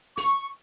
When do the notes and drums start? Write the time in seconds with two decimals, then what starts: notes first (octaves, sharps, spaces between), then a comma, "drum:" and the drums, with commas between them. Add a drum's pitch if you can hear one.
0.17 C#6, drum: open hi-hat